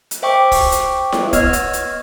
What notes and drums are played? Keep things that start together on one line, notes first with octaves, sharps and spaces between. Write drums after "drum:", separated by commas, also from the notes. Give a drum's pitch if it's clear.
drum: hi-hat
C5 E5 G5 C#6 D6
drum: kick, open hi-hat
drum: hi-hat
drum: snare E4
B3 C#5 D#5 E6 F6, drum: kick, hi-hat
drum: hi-hat
drum: hi-hat